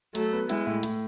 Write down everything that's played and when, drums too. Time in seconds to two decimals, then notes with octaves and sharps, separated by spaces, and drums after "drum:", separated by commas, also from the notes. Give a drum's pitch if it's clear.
0.15 F#3 A3, drum: hi-hat
0.33 B3
0.49 G#3 E4, drum: hi-hat
0.66 A2
0.83 A2, drum: hi-hat